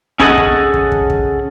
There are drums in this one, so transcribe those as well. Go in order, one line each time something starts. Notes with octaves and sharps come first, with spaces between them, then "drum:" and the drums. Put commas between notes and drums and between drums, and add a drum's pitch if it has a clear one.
C#4 E4 G#4 A4 D#5 F#5, drum: kick
drum: kick
drum: kick
drum: kick
drum: kick